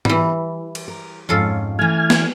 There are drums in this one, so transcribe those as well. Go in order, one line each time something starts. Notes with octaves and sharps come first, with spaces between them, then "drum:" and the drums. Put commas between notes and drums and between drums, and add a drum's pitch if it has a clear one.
E3 G3, drum: tom G#2
drum: cymbal
A#4
F2 G#2 C#4 F4 A4
E3 A3 G#5 F6 G#6
drum: snare